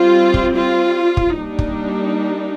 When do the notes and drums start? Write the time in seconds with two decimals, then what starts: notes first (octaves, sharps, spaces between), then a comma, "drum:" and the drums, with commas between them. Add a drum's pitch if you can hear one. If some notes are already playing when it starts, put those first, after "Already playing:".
Already playing: G3 C4 F4
0.34 drum: kick
0.55 F4
1.17 drum: kick
1.38 G3 A#3 D4 D#4
1.59 drum: kick